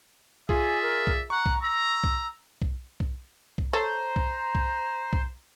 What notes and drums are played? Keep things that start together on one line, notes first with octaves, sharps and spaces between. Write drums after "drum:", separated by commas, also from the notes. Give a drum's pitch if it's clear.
F4 G#4 D5 E5 G#5, drum: kick B1
A#4
drum: kick B1
F#5 A#5 C#6
drum: kick B1
A#5 E6
drum: kick B1
drum: kick B1
drum: kick B1
drum: kick B1
A4 C5 C#5 A#5
drum: kick B1
drum: kick B1
drum: kick B1